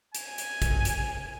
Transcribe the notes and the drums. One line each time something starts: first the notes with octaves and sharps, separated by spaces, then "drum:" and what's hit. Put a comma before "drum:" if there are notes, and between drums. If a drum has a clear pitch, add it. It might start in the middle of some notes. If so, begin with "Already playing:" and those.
G#5, drum: hi-hat
drum: hi-hat
drum: kick, hi-hat
drum: hi-hat